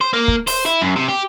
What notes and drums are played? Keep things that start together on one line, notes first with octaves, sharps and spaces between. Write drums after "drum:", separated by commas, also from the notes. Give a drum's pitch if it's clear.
C5
A#3
drum: kick
C5, drum: open hi-hat
E4
F#2
C3
G4